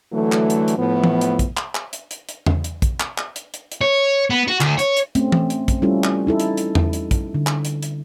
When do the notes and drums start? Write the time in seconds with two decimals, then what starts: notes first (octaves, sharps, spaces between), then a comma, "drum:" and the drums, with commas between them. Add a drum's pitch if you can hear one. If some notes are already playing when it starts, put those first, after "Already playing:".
0.13 D3 E3 F#3 A3
0.32 drum: clap
0.50 drum: hi-hat
0.68 drum: hi-hat
0.77 A2 F3 B3
1.04 drum: tom E3
1.21 drum: hi-hat
1.39 drum: kick, hi-hat
1.57 drum: clap
1.75 drum: clap
1.93 drum: hi-hat
2.11 drum: hi-hat
2.29 drum: hi-hat
2.46 drum: tom E2
2.64 drum: hi-hat
2.82 drum: kick, hi-hat
3.00 drum: clap
3.18 drum: clap
3.36 drum: hi-hat
3.54 drum: hi-hat
3.72 drum: hi-hat
3.81 C#5
4.30 B3
4.48 F#4
4.61 D2, drum: clap
4.79 C#5, drum: hi-hat
4.97 drum: hi-hat
5.15 A3 C4 C#4, drum: hi-hat
5.32 drum: tom E3
5.50 drum: hi-hat
5.68 drum: kick, hi-hat
5.82 G3 C#4 E4 F4 A4
6.04 drum: clap
6.27 D#4 E4 A4
6.40 drum: hi-hat
6.57 drum: hi-hat
6.75 drum: tom E2
6.93 drum: hi-hat
7.11 drum: kick, hi-hat
7.34 D3
7.47 drum: clap
7.65 drum: hi-hat
7.83 drum: hi-hat